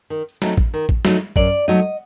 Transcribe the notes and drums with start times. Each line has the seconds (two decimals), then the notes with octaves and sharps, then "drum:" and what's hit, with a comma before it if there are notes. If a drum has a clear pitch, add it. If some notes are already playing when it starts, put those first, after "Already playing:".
0.10 D#3
0.42 F#3 A3 C4 D#4, drum: snare
0.57 drum: kick A1
0.74 D#3
0.89 drum: kick A1
1.05 F#3 A3 C4 D#4, drum: snare
1.36 F#2 D5, drum: kick A1
1.68 F#3 A3 D#4 D#5